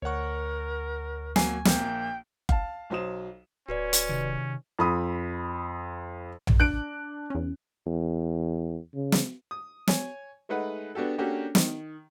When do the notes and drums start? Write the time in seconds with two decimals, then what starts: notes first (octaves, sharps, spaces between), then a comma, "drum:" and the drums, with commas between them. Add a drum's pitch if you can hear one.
0.02 D2 A#4 C#5 F#5 C#6
1.36 F#3 A#3 G#5 C7, drum: snare
1.65 A#1 A#3 G5, drum: snare
2.49 F5 A5, drum: kick F#1
2.90 B1 F#3 C5 D#6 E7
3.69 D1 C#4 F#4 B4 D5
3.93 drum: hi-hat
4.09 C3 D#3
4.79 F2 B5 D#6
6.47 drum: tom A#1
6.60 D4 F#6 D7
7.30 E2 C#4
7.86 E2
8.95 C#3
9.12 drum: snare
9.51 D#6
9.87 C#5 G#5, drum: snare
10.49 G#3 A3 D#4 B4 F#5
10.95 B3 D4 F#4 G4 A4
11.18 A#3 C#4 D4 F#4 G4 A4
11.55 D#3, drum: snare